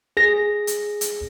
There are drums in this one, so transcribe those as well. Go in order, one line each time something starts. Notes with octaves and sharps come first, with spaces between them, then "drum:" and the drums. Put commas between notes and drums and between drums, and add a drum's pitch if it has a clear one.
G#4 A#6
drum: hi-hat
drum: hi-hat